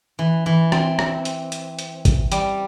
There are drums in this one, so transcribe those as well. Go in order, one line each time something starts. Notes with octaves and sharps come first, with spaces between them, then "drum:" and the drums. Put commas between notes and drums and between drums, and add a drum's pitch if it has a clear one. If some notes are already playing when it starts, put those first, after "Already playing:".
E3
E3
C4, drum: rim click
drum: rim click
drum: hi-hat
drum: hi-hat
drum: hi-hat
drum: kick, hi-hat
G3, drum: hi-hat